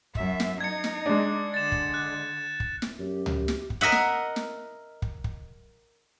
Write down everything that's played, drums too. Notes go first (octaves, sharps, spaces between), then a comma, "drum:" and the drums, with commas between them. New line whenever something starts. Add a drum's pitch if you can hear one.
F#2 E5, drum: kick
drum: snare
D#4 G#6 C#7
drum: snare
G#3 D4
D3 A6 E7
drum: kick
F#6
drum: kick
drum: snare
F#2 G4
drum: tom C#2
drum: snare
drum: kick
A#4 D#5 E5 F#5
drum: snare
drum: snare
drum: kick
drum: kick